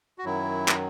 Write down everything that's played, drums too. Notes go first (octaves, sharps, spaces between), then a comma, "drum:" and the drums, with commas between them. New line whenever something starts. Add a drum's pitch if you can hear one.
F#4
F#2 D#3 F#3 E4
drum: clap